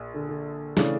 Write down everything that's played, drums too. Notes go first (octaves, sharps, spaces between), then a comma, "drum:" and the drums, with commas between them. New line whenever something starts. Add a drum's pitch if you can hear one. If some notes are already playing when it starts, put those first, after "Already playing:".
Already playing: A#1
D3
D3
C#3 E3 A3 D4, drum: snare